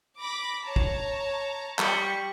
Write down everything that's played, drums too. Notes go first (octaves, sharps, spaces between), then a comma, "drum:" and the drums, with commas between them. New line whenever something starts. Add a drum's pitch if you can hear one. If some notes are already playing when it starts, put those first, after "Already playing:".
B5 D6 A#6
C#5 A5 A#5
drum: kick
G3 C#6, drum: clap